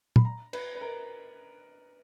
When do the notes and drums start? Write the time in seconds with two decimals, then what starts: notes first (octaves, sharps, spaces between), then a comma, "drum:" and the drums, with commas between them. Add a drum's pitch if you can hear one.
0.16 B5, drum: tom
0.25 A#5
0.53 B4, drum: cymbal
0.75 B4
0.81 A#4